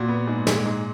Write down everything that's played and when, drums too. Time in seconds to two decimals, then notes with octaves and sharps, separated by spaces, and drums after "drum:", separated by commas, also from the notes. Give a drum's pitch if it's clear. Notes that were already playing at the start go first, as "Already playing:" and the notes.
Already playing: A#2 F#4
0.08 B3
0.27 G#2
0.47 G#3, drum: snare
0.65 G#2